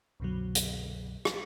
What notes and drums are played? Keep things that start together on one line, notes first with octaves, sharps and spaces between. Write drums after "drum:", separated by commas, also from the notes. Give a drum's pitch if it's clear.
C2 F#2 B2 D3 F#3
drum: hi-hat
drum: rim click